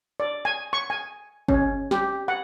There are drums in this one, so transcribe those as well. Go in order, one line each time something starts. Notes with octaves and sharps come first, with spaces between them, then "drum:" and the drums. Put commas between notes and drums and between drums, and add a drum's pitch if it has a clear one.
D5
G#5
C#6
G#5
C#4, drum: kick G1
G4, drum: snare
F#5